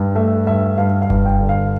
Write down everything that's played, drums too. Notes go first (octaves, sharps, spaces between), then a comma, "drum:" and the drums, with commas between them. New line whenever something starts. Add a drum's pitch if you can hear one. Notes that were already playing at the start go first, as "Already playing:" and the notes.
Already playing: G2
A3 E5
G2 E5
G2 F5
F5
G2, drum: kick F#1
G5
D3
F5